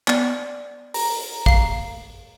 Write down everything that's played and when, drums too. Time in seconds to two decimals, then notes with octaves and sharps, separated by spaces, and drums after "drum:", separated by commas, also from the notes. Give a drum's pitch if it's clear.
0.08 B3 D5, drum: clap
0.94 A#5, drum: open hi-hat
1.46 F5 C7, drum: kick